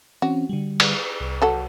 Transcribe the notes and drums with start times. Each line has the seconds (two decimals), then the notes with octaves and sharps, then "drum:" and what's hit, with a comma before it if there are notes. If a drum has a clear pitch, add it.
0.22 E3 C4 C#4 F#4
0.50 D3 G3
0.80 drum: cymbal
1.20 C2
1.42 F#3 A4 F#5